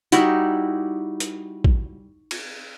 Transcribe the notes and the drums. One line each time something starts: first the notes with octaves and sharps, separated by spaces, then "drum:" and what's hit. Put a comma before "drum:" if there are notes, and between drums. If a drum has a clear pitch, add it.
G3 D#4 E4 F#4, drum: hi-hat
drum: hi-hat
drum: kick
drum: cymbal